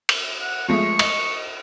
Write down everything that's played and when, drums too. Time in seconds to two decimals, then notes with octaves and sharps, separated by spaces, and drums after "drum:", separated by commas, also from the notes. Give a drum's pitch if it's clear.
0.09 drum: cymbal
0.41 F#5
0.68 F3 G#3 A3 C#6
0.99 D#5, drum: cymbal